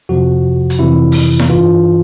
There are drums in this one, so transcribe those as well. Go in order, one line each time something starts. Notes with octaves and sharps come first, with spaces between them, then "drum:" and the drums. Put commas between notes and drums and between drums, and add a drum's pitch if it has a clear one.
F2 C3 F3 F#4
drum: hi-hat
F2 C3 E3 E4
drum: open hi-hat
drum: snare E4
G1 G2 E3 F4